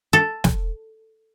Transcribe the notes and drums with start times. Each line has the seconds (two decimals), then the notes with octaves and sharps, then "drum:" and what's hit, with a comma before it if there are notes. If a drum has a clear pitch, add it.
0.13 A4
0.44 drum: snare